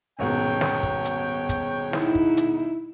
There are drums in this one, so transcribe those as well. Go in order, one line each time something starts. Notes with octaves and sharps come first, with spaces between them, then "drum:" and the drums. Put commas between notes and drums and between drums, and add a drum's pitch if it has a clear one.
D#1 G#2 B2 C#5 G5
drum: snare
drum: kick
drum: hi-hat
drum: kick, hi-hat
D#4 E4, drum: snare
drum: kick
drum: hi-hat